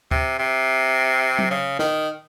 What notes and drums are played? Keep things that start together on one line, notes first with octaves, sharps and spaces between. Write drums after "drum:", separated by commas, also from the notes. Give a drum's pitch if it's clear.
C3, drum: kick D2
C3
drum: tom F#3
C#3
D#3, drum: snare